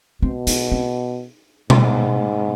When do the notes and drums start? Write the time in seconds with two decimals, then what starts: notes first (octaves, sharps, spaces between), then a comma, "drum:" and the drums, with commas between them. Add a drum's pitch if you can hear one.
0.22 B2 C4
0.47 B3, drum: hi-hat
0.72 C4
1.70 G#2, drum: tom B2